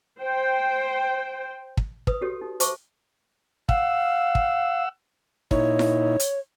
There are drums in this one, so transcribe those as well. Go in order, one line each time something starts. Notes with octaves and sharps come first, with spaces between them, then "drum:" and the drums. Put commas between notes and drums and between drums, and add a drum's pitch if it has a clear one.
C5 G5
drum: kick
B4 D#6, drum: kick
F#4 G4 A4 C#5
D#4
C5 E5 A5 C#6 D6, drum: hi-hat
F5 F#5 E6, drum: kick
drum: kick
A#2 D#4 E4 C#5, drum: kick
drum: snare E4
drum: hi-hat